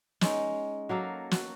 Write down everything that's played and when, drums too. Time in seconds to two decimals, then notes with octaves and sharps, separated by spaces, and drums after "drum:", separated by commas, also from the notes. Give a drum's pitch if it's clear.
0.21 G#3 C#4 D#4, drum: snare
0.89 F#3 A#3 A4 F5
1.31 F#4, drum: snare